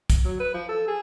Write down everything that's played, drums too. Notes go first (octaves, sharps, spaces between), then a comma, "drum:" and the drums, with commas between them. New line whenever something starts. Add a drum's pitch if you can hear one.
drum: kick, hi-hat
F#3
B4
F3
A4
G#4